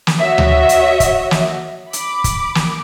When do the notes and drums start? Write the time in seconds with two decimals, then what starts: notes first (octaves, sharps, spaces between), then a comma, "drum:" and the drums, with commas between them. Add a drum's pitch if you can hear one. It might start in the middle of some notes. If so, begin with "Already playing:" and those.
0.07 drum: snare
0.19 F#4 C#5 D#5 E5
0.38 drum: tom D2
0.69 drum: hi-hat
1.00 drum: kick, hi-hat
1.31 drum: snare
1.93 B5 D6, drum: hi-hat
2.24 drum: kick, hi-hat
2.55 drum: snare